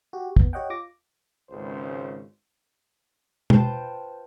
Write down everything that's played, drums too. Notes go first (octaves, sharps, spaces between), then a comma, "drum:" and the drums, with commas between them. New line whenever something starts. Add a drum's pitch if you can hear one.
F#4 G4
B3, drum: kick
G4 C#5 D#5 F#5 G5
F4 D6 A#6
G#1 C#2 C#3 C5
F4 B4 C5 G5 A5, drum: tom B2